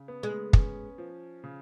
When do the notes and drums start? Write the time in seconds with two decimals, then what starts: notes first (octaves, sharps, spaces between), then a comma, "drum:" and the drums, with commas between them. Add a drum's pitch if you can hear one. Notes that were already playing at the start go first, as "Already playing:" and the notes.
Already playing: C#3
0.08 B3
0.23 G#3
0.53 C#4, drum: kick
0.98 F3
1.44 C#3